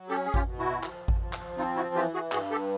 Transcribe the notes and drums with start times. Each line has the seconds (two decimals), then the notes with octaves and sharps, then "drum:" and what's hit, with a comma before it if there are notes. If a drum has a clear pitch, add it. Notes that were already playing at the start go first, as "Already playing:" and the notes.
Already playing: F#3
0.09 C#4 G4 A4
0.25 G#4
0.34 F4 G4, drum: kick G#1
0.46 B2
0.59 E4 F#4
0.83 F3, drum: clap
1.08 drum: kick G#1
1.20 F3
1.33 drum: clap
1.57 C4 D#4 F4
1.76 E4 F#4
1.95 E3 F4 G4
2.14 F#4 G#4
2.32 G2 F#4 G#4, drum: clap
2.51 G4 A4